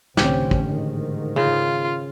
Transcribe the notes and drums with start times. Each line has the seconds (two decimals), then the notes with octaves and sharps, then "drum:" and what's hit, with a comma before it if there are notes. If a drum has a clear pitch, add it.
0.17 C2 A2 D3 E3 C4 C#4 G4, drum: snare
0.51 drum: kick
0.62 G#2 D#3
1.36 C#3 F4